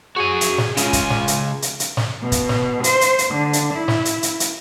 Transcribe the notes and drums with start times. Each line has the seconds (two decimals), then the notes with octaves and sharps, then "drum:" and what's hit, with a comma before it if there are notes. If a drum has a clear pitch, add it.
0.16 F#4 G#4 G#5
0.41 drum: hi-hat
0.58 drum: snare
0.77 C#3 G#3 F4 G#5, drum: hi-hat
0.93 drum: kick, hi-hat
1.10 drum: snare
1.28 drum: hi-hat
1.62 drum: hi-hat
1.80 drum: hi-hat
1.97 drum: snare
2.21 B2
2.32 drum: kick, hi-hat
2.49 drum: snare
2.84 C5, drum: hi-hat
3.01 drum: hi-hat
3.19 drum: hi-hat
3.31 D3
3.53 drum: hi-hat
3.74 E4
3.88 drum: snare
4.05 drum: hi-hat
4.23 drum: hi-hat
4.40 drum: hi-hat